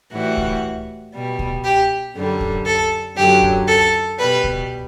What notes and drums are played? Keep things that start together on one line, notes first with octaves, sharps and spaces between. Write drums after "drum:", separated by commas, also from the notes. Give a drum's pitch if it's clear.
A2 E3 G3 F#4
drum: kick C#2
B2 G3
drum: kick C#2
G4
F#2 D3 G3
drum: kick C#2
A4
F#2 D3 F#3 G4
drum: kick C#2
A4
B2 G3 B4
drum: kick C#2